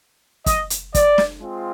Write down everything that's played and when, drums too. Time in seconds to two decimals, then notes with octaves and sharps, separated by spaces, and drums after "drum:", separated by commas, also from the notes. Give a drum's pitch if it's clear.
0.46 D#5, drum: kick F#1, hi-hat
0.70 drum: hi-hat
0.95 D5, drum: kick F#1, hi-hat
1.18 drum: snare
1.41 G#3 C4 F4